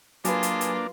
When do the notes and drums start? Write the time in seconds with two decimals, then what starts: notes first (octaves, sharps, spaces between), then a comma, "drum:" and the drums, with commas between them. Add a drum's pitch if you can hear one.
0.25 F#3 A#3 D4 F4 G#4 B4 G#5 A5, drum: hi-hat
0.43 drum: hi-hat
0.61 drum: hi-hat